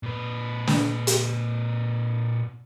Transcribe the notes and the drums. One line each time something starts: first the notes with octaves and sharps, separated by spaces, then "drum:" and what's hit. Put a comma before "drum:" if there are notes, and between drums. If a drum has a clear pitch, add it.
A#2 B4
drum: snare
drum: hi-hat